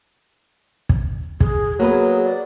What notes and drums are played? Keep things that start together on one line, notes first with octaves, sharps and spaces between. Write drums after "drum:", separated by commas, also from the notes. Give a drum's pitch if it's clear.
drum: kick
G#4, drum: kick
F#3 A#3 B3 G#4 B4
D5